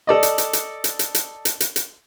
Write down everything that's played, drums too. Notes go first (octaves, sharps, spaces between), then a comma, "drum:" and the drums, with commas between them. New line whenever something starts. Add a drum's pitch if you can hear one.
A4 D5 D#5
drum: hi-hat
drum: hi-hat
drum: hi-hat
drum: hi-hat
drum: hi-hat
drum: hi-hat
drum: hi-hat
drum: hi-hat
drum: hi-hat